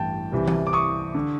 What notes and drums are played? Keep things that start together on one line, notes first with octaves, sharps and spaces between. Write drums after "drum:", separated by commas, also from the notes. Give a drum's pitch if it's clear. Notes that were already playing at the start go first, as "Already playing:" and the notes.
Already playing: A1 G2 E3 G5 A5
C2 C3 E3
drum: tom E3
D6
C#6 D#6
D3